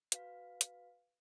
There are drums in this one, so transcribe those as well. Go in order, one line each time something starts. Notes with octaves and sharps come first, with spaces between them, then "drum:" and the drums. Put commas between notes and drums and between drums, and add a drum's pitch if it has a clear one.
F#4 B4 F5 B6, drum: hi-hat
drum: hi-hat